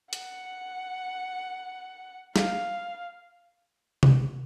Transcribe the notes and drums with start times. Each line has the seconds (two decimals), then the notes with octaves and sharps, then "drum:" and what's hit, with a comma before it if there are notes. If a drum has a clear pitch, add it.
0.13 F#5, drum: hi-hat
2.36 F5, drum: snare
4.03 drum: tom C3